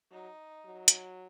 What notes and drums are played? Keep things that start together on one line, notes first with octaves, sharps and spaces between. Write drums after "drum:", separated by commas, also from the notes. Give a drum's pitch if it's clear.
F#3 D#4
F#3
drum: hi-hat